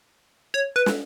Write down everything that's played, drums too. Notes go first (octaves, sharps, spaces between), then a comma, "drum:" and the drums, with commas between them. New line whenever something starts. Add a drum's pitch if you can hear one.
C#5
B4
drum: snare